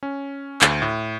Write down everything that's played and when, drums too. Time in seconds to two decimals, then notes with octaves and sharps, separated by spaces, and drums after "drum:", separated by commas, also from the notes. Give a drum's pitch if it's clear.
0.03 C#4
0.61 D2, drum: clap
0.82 A2